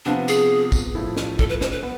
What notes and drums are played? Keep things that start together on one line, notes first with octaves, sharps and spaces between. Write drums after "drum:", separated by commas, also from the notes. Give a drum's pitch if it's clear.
C3 F3 B3 D4 F4
G#4, drum: tambourine
drum: kick, tambourine
A2 F3 A3 E4
drum: snare
A4, drum: kick
B4
C5, drum: snare
B4
B3